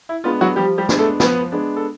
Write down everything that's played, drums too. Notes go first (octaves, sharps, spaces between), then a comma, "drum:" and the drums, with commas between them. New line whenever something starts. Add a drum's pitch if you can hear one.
E4
G#3 B3 D4 F4
F#3 F#4
F3 G3 G4
G3 G4
G#3 B3 D4, drum: snare
A3 A4
F3 B3 B4, drum: snare
G#3 B3 D4
A4